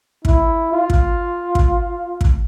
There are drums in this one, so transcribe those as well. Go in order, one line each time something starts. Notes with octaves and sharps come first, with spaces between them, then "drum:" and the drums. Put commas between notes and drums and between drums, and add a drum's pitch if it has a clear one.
E4, drum: kick
F4
drum: kick
drum: kick
drum: kick